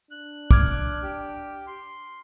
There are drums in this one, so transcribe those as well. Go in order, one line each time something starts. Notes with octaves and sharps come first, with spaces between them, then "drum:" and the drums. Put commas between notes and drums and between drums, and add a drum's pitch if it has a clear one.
D4 F#6
D6 F6 G#6, drum: kick
G4
C6